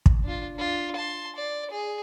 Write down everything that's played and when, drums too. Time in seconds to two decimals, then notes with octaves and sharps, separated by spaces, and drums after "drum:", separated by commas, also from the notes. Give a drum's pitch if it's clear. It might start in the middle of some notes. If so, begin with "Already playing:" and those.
0.06 drum: kick
0.24 D4 F4
0.56 D4 F4
0.95 A5 C6
1.36 D5
1.70 G#4